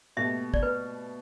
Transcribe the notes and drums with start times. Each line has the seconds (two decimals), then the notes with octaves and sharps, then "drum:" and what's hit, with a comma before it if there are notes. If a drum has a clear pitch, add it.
0.17 B2 A3 G4 E5
0.54 D5, drum: kick
0.63 B4